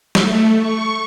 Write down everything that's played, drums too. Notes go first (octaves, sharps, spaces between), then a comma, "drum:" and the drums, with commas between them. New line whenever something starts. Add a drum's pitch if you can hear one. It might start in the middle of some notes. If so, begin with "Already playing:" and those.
A3, drum: snare
C#6